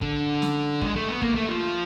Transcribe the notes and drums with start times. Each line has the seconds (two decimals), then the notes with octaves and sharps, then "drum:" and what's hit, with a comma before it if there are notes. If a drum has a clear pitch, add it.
0.02 D3, drum: kick
0.42 drum: snare
0.81 G#3, drum: kick
0.96 A3
1.09 B3
1.22 A#3, drum: kick
1.35 A3
1.49 F3